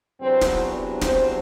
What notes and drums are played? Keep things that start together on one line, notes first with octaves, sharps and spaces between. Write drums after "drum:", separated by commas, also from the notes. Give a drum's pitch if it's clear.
E2 C3 F#3 B3 C4 D4 C5
drum: snare
C4 C5, drum: snare